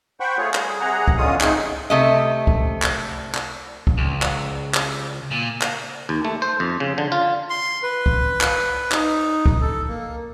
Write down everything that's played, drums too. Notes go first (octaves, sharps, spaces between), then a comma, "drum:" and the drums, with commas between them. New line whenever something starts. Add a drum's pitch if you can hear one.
C5 F#5 G5 B5 C#6
A3 F4 G#4 C#5
G3 G#4, drum: clap
C3 G#4 F#5 A#5
drum: kick C#2
E2 D3 G#3 C#4 F4 D#6
G#3 A3 C4 D#4 G#4, drum: clap
C3 A3 D#5
drum: kick C#2
drum: clap
drum: clap
drum: kick C#2
C#2
drum: clap
drum: clap
A#2
drum: clap
D#2
A3
C5
F2
C#3
D3
F4
C6
B4
drum: kick C#2
drum: clap
D#4, drum: clap
drum: kick C#2
A4
A#3